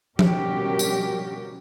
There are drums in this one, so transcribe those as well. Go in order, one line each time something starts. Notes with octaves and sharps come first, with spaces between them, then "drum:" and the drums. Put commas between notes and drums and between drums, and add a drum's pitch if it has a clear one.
B2 G3 C#4 F#4 G4 A#4, drum: tom F3
drum: tambourine